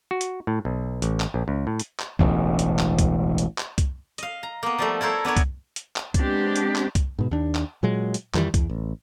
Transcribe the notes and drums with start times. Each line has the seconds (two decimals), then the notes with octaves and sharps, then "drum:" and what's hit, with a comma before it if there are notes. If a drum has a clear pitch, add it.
0.11 F#4
0.21 drum: hi-hat
0.47 A2
0.65 B1
1.02 A1, drum: hi-hat
1.20 drum: clap
1.34 A#1
1.48 C#2
1.67 A2
1.80 drum: hi-hat
1.99 drum: clap
2.19 E1 A1 D2, drum: kick C2
2.59 drum: hi-hat
2.79 drum: clap
2.99 drum: kick C2, hi-hat
3.38 drum: hi-hat
3.58 drum: clap
3.78 drum: kick C2, hi-hat
4.18 D#5 F5, drum: hi-hat
4.43 A#5
4.63 A#3 B3
4.78 F3 G3 A3
5.01 E4 A4 A#4 C5 C#5
5.25 B3 D4 A#4 C#5
5.37 drum: kick C2, hi-hat
5.76 drum: hi-hat
5.96 drum: clap
6.14 G#3 B3 C4 D4 G4, drum: kick C2, hi-hat
6.56 drum: hi-hat
6.75 drum: clap
6.95 drum: kick C2, hi-hat
7.19 G#2 B2
7.31 D#2 D4
7.55 drum: clap
7.83 A#2 F#3 G#3
8.14 drum: hi-hat
8.34 F2 D#3 E3 G3, drum: clap
8.54 E2, drum: kick C2, hi-hat
8.70 A1